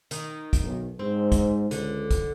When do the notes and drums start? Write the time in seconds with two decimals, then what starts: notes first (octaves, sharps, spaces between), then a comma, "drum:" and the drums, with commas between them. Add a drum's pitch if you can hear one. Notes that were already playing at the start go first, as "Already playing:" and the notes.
0.11 D#3, drum: hi-hat
0.53 drum: kick, hi-hat
0.64 B1
0.99 G#2 C4
1.32 drum: kick, hi-hat
1.71 C#2 D3, drum: hi-hat
2.11 drum: kick, hi-hat